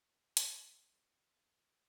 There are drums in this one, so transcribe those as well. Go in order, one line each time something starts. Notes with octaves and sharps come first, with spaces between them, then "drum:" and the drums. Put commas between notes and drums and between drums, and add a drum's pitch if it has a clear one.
G#2
drum: hi-hat
B2
F#3
G#3
F#3
G#3
G#3
E3